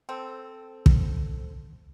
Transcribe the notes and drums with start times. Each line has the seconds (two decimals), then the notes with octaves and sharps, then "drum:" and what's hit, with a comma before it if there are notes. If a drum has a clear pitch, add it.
0.09 C4 A4 C5
0.86 drum: kick